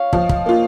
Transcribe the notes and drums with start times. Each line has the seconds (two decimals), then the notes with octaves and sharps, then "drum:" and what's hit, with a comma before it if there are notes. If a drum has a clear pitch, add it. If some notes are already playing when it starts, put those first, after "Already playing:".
Already playing: C#5 F5
0.13 F3 D#5, drum: kick
0.29 drum: kick
0.46 A#3 F4